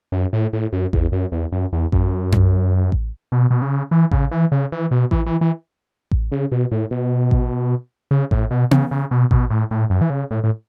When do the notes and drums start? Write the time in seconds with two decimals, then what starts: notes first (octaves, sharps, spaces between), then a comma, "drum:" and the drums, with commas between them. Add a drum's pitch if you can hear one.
0.12 F#2
0.33 A2
0.53 A2
0.73 F#2
0.93 E2, drum: kick A1
1.12 F#2
1.32 E2
1.52 F#2
1.73 E2
1.92 F#2, drum: kick A1
2.32 drum: tom F#2
2.92 drum: kick A1
3.32 B2
3.50 B2
3.62 C#3
3.91 E3
4.11 C#3, drum: kick A1
4.31 E3
4.52 C#3
4.72 E3
4.91 B2
5.11 E3, drum: kick A1
5.26 E3
5.41 E3
6.11 drum: kick A1
6.32 C#3
6.52 B2
6.72 A2
6.91 B2
7.31 drum: kick A1
8.11 C#3
8.31 A2, drum: kick A1
8.51 B2
8.71 C#3, drum: tom B3
8.91 C#3
9.11 B2
9.31 B2, drum: kick A1
9.50 A2
9.71 A2
9.90 F#2
10.01 E3
10.10 C#3
10.31 A2
10.44 A2